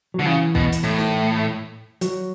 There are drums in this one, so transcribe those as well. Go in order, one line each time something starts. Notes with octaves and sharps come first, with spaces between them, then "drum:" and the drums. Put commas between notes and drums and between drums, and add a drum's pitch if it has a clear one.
D3 F#3
C#3 E3
B2, drum: kick
drum: hi-hat
A2
drum: snare
F#3, drum: hi-hat